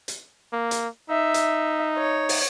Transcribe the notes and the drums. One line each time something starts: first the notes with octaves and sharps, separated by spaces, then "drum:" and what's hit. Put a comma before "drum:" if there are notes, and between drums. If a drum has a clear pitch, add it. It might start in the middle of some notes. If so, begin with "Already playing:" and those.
drum: hi-hat
A#3
drum: hi-hat
D#4 E5
drum: hi-hat
C#5
drum: open hi-hat